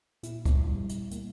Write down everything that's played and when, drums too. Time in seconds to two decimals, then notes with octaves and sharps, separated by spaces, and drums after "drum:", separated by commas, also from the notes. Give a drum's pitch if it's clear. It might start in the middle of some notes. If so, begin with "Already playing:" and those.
0.23 A#2 E4, drum: hi-hat
0.45 drum: kick, hi-hat
0.68 G3
0.89 drum: hi-hat
1.11 A#3, drum: hi-hat